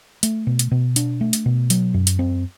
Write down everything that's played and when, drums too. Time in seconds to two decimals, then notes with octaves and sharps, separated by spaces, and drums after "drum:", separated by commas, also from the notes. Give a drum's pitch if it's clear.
0.23 A3, drum: hi-hat
0.47 B2
0.59 drum: hi-hat
0.71 B2
0.96 D4, drum: hi-hat
1.21 A3
1.33 drum: hi-hat
1.46 B2
1.70 F#3, drum: hi-hat
1.94 F#2
2.07 drum: hi-hat
2.19 C4